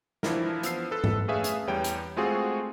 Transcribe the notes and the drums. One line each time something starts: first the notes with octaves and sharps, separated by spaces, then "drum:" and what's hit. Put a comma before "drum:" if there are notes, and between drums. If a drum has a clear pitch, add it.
E3 F3 D4 E4 A#4, drum: snare
F3 B3 E6 C7, drum: hi-hat
A4 B4
drum: tom G#2
A3 C#4 G#4 B4 E5 F5
drum: hi-hat
E2 G3 B4 C#5 G5
drum: hi-hat
G#3 A3 C4 F4 F#4 G#4